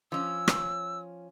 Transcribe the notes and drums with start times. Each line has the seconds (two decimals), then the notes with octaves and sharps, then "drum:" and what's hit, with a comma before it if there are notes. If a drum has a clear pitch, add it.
0.12 F3 C#4 E6
0.48 drum: rim click